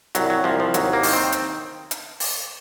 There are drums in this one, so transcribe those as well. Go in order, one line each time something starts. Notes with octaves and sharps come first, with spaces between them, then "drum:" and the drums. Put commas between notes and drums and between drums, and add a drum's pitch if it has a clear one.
C2 F#3, drum: hi-hat
F#3
C2 F3
F3
D#2 F#3, drum: hi-hat
A#3
D#3, drum: open hi-hat
C4
drum: hi-hat
drum: hi-hat
drum: open hi-hat